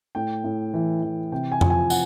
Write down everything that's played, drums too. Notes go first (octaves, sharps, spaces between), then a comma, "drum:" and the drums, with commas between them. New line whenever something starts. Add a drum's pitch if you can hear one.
A2 G5
A2
E3
E3
C3 G5
G#5
F3, drum: tom F2
G#5
F#5, drum: tambourine